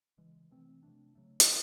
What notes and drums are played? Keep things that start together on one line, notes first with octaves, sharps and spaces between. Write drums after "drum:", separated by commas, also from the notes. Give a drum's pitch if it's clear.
C#3 E3 G#3
C3 E3 A3 C4
C3 F3 A3 D4
C#3 F#3 A3
drum: hi-hat